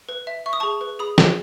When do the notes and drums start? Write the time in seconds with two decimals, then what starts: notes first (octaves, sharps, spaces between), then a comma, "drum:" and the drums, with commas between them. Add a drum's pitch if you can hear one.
0.09 B4
0.27 E5
0.46 E5 C#6
0.53 D#6
0.60 G#4 A5 C#6
0.81 B4
0.99 G#4 B5 D#6
1.18 G#4, drum: snare